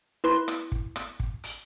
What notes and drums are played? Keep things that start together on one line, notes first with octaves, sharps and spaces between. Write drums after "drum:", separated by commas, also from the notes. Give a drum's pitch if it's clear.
E4 B4 C6
drum: rim click
drum: kick
drum: rim click
drum: kick
drum: hi-hat